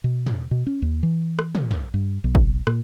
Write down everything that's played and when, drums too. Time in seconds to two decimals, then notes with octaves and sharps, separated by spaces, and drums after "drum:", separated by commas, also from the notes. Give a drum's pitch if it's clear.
0.04 B2
0.26 drum: tom
0.51 B2
0.67 C#4
0.82 D#2
1.03 E3
1.39 drum: rim click
1.55 drum: tom
1.71 drum: tom
1.94 G2
2.24 B1
2.35 drum: kick
2.67 A#2, drum: rim click